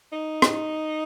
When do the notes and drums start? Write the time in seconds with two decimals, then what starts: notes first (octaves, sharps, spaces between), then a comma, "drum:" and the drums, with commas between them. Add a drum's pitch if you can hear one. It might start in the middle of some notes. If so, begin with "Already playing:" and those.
0.12 D#4
0.42 drum: rim click